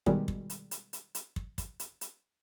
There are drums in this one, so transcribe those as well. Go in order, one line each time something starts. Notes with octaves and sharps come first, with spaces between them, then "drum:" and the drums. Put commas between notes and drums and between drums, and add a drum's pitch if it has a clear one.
B2 D#3 G3 G#3, drum: kick
drum: kick
drum: hi-hat
drum: hi-hat
drum: hi-hat
drum: hi-hat
drum: kick
drum: kick, hi-hat
drum: hi-hat
drum: hi-hat